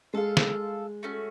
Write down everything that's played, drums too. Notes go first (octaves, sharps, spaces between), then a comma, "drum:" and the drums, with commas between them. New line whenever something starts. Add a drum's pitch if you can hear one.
G#3 F4 A4 F5
drum: snare
A3 C#4 F#4